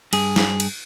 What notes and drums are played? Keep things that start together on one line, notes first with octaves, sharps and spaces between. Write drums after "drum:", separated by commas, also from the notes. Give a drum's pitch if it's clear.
G2 G#4, drum: cymbal
drum: snare
drum: cymbal